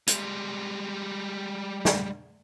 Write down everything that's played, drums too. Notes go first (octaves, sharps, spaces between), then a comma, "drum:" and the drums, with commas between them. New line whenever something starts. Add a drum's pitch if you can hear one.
G3 G#3, drum: hi-hat
drum: snare